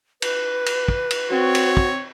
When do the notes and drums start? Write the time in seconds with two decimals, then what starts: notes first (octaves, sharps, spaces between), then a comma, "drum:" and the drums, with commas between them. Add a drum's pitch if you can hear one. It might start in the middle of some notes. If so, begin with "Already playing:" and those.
0.22 B4, drum: cymbal
0.66 drum: cymbal
0.88 drum: kick
1.10 drum: cymbal
1.30 C4 F#4 C#5
1.55 drum: cymbal
1.77 drum: kick